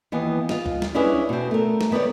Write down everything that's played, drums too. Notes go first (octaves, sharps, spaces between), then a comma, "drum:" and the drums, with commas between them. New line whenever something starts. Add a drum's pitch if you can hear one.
D#2 E3 B3
F4 D#5 F5, drum: snare
drum: kick
drum: snare
C#4 D4 E4 G#4 B4 C#5
B2 C4
A3 A#4
drum: snare
D#3 B3 C4 C#5 D5